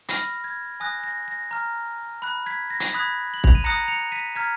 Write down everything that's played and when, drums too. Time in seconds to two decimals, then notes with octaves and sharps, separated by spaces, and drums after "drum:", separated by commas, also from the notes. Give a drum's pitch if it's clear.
0.09 B5 F6 A#6, drum: hi-hat
0.44 G#6
0.80 G#5 D#6 F#6 A#6
1.04 A#6
1.28 A#6
1.51 A#5 F6
2.22 B5 F#6
2.46 G#6 B6
2.70 A#6
2.80 drum: hi-hat
2.93 B5 D#6 F#6 G#6 B6
3.34 F#7
3.44 F7, drum: kick
3.55 D#7
3.64 A#5 D#6 F#6 A#6 C#7
3.88 C#7 F7
4.12 B6 D#7
4.35 A#5 F6 G#6 B6